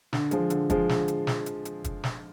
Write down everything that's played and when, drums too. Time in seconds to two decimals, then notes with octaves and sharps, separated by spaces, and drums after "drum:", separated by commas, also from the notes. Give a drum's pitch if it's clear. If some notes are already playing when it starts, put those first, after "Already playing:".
0.13 D3, drum: snare
0.31 F3 G#3, drum: hi-hat
0.50 D3, drum: hi-hat
0.70 F3 G#3, drum: kick, hi-hat
0.89 D3, drum: snare
1.08 drum: hi-hat
1.27 drum: snare
1.46 drum: hi-hat
1.65 drum: hi-hat
1.84 drum: kick, hi-hat
2.04 drum: snare